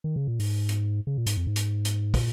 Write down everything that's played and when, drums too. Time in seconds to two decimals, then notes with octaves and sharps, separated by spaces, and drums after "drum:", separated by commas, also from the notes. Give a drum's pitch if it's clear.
0.04 D#3
0.16 C#3
0.27 A#2
0.40 G#2, drum: open hi-hat
0.69 drum: hi-hat
1.07 C#3
1.18 A#2
1.26 G#2, drum: hi-hat
1.37 F2
1.47 G#2
1.56 drum: hi-hat
1.85 drum: hi-hat
2.14 A#2, drum: kick, open hi-hat